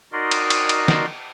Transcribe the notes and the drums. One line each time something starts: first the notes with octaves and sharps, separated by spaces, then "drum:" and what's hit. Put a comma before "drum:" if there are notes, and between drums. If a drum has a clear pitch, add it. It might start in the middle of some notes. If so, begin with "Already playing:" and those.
D#4 F#4 A#4 D5 D#5 C6
drum: cymbal
drum: cymbal
drum: cymbal
drum: snare